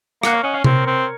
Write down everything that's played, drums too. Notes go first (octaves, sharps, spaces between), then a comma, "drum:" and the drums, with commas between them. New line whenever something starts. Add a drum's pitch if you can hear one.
A#3 F#5, drum: rim click
C#5 F5
C#4 D#5 F#5
C#5 F5
C4 A#4 C#5, drum: tom C3
C4